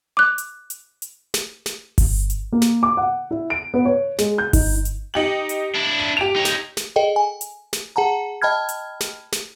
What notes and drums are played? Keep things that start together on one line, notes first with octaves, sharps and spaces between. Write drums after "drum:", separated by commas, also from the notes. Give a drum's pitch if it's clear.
D6 F#6
drum: hi-hat
drum: hi-hat
drum: hi-hat
drum: snare
drum: snare
drum: kick G1, open hi-hat
drum: hi-hat
A#3
drum: snare
D6
F#5
E4
D7
B3
C#5
G#3, drum: snare
G6
D#4, drum: kick G1, open hi-hat
drum: hi-hat
D#4 G4 F#7
drum: hi-hat
D4 E4
D#7
G4 D7 F7
D#4 C#5
drum: snare
drum: snare
G#4 A4 D#5 G5
G#5
drum: hi-hat
drum: snare
G#4 F#5 A5 A#5
D#5 G5 A5 B5 F6 G#6
drum: hi-hat
drum: snare
drum: snare